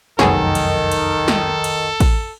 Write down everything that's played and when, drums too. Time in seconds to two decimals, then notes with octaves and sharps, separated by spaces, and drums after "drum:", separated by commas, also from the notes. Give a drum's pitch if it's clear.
0.19 F1 C2 F#2 D#3 B3 G#4 A4 C#5, drum: snare
0.55 drum: cymbal
0.92 drum: cymbal
1.28 drum: snare
1.64 drum: cymbal
2.00 drum: kick, cymbal